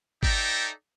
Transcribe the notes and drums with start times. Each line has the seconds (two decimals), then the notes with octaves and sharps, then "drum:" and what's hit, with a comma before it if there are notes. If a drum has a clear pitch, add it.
0.23 D#4 A4 D5 E5 G5 A#5, drum: kick